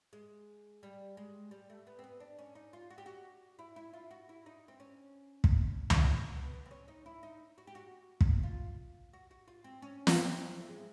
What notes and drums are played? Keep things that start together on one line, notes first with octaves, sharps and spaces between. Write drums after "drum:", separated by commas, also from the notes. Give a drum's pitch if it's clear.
G#3
G3
G#3
G3
A3
B3
C4
B3
D4
C#4
D#4
F4
F#4
G4
F#4
E4
E4
F4
F#4
E4
D#4
C4
C#4
drum: kick
drum: tom C#2
B3
B3
C4
C#4
D#4
E4
D#4
F#4
G4
F#4
drum: kick
F4
F#4
F#4
F4
C4
C#4
B3, drum: snare
C4
A3
G#3